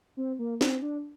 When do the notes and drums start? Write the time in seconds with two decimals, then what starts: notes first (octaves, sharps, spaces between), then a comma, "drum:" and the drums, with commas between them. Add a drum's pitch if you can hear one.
0.17 C4
0.39 A#3
0.61 C4, drum: snare
0.82 D4